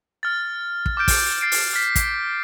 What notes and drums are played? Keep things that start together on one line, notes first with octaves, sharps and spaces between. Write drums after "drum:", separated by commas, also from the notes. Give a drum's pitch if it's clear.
F6 A6
drum: kick
D6 F6 G6 D7
drum: kick, open hi-hat
A6 C7 D7
drum: open hi-hat
F6 B6
drum: kick, hi-hat